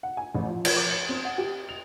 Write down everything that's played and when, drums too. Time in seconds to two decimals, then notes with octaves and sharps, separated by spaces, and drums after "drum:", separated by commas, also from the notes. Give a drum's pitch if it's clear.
0.03 F#5
0.17 G#5
0.34 A1
0.48 F3
0.65 F3, drum: cymbal
0.77 D6
0.91 C#7
1.09 C4
1.25 F#5
1.38 G4
1.69 F7